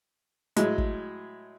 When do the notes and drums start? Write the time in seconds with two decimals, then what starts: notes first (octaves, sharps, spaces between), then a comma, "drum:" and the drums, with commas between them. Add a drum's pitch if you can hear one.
0.57 A2 F#3 G#3, drum: hi-hat
0.78 drum: kick